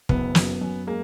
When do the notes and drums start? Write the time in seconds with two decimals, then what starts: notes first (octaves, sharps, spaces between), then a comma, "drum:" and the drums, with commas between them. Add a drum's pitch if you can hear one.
0.09 F#1 B3, drum: kick
0.35 F#2, drum: snare
0.61 F#2
0.87 G#3 A#3